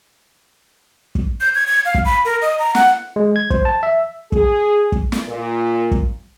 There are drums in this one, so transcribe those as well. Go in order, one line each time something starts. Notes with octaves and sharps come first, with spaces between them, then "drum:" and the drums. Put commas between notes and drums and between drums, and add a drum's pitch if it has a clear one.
drum: kick
G6
G#6
G#6
F5
drum: kick
B5
A#4
D#5
A#5
F#5, drum: snare
G#3
G#6
C5, drum: kick
A5
E5
G#4, drum: kick
drum: kick
drum: snare
A#2
drum: kick